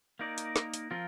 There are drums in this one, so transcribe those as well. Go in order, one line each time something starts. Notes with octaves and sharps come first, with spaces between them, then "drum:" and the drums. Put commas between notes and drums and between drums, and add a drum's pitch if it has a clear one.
A#3 D#4 A#4 D5
drum: hi-hat
drum: snare
drum: hi-hat
F3 C4 F4 A#4